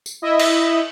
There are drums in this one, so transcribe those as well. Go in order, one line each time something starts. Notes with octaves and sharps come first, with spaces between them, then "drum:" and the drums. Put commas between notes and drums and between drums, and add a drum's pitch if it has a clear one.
drum: tambourine
E4 D#5 E5
drum: cymbal